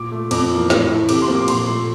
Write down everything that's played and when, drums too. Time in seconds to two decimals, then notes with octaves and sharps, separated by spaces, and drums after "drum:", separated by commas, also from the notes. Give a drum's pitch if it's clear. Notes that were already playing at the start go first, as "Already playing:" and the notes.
Already playing: A#2 D6
0.11 A3
0.31 F2 D6, drum: cymbal
0.50 E3 A#3
0.70 A2, drum: snare
0.90 E3 A3
1.09 C3 D6, drum: cymbal
1.22 C6
1.28 F3 A#3
1.35 D6
1.48 A#2 C6, drum: cymbal
1.67 A3